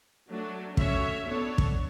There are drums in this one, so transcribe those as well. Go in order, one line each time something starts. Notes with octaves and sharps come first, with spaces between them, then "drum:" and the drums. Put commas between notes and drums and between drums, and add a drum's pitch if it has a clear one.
F#3 A3 D4
A3 C#4 F#4 C#5 E5, drum: kick
B3 D4 A4 C#5
drum: kick